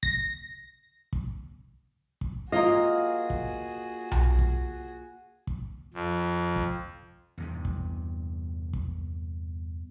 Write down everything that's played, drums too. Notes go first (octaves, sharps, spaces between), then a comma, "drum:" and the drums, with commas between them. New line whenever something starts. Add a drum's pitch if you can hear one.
A#6, drum: kick
drum: kick
drum: kick
A#3 F4 F#4 G#4 D#5 F5
drum: kick
drum: tom B1
drum: kick
drum: kick
F2
drum: kick
E2 G2 C3
drum: kick
drum: kick